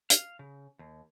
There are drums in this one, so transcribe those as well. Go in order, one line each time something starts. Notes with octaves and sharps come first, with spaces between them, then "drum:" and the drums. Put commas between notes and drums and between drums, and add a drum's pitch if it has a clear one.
F5, drum: hi-hat
C#3
D#2